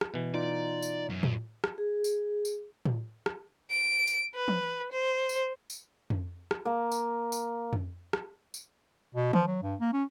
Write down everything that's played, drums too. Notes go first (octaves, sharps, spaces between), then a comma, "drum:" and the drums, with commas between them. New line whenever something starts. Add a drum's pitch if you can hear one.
drum: rim click
B2 E3
D#4 F4 D5
drum: tambourine
F#2
drum: tom A2
drum: rim click
G#4
drum: tambourine
drum: tambourine
drum: tom A2
drum: rim click
D7
drum: tambourine
B4
drum: tom E3
C5
drum: tambourine
drum: tambourine
drum: tom F2
drum: rim click
A#3
drum: tambourine
drum: tambourine
drum: tom F2
drum: rim click
drum: tambourine
B2
F3, drum: tom D#3
F#3
G2
A#3
C#4